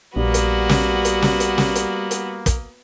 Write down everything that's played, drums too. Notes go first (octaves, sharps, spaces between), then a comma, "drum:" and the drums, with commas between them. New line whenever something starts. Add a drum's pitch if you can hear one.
A#1 G3 A#3 B3 F#4
drum: hi-hat
drum: snare
drum: hi-hat
drum: snare
drum: hi-hat
drum: snare
drum: hi-hat
drum: hi-hat
drum: kick, hi-hat